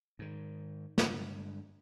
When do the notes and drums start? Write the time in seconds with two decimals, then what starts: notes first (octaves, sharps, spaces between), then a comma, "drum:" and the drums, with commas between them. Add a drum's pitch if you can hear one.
0.19 G#2 D#3
0.98 G2 D3 G#3, drum: snare